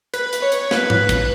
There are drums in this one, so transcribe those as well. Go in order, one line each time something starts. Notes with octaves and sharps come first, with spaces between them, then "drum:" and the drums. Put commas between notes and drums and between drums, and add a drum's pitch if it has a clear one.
B4, drum: hi-hat
drum: hi-hat
C#5
drum: hi-hat
B4, drum: snare
drum: tom G#2
drum: kick, hi-hat